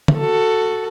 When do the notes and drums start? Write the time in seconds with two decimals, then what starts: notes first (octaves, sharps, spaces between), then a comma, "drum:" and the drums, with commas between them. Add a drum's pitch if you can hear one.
0.08 drum: tom D3
0.18 F#4 A4